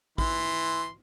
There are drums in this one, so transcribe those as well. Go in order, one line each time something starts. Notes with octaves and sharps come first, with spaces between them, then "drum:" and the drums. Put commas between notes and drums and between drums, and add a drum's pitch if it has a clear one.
E3 C6, drum: kick A1